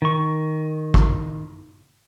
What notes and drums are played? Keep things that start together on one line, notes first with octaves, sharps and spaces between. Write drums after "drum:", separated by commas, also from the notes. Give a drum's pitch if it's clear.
D#3 C#6
drum: kick